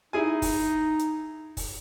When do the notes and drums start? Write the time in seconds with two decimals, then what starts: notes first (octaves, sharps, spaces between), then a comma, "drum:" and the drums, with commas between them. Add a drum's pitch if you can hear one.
0.13 D#4 E4 G#4 G#5
0.42 drum: kick, open hi-hat
0.99 drum: hi-hat
1.57 drum: kick, open hi-hat